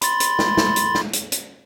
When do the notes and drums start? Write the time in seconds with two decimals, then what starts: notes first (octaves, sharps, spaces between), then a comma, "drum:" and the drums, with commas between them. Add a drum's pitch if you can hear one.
0.01 B5 C6 A6, drum: hi-hat
0.20 drum: hi-hat
0.39 drum: snare
0.57 drum: snare
0.76 drum: hi-hat
0.95 drum: snare
1.13 drum: hi-hat
1.32 drum: hi-hat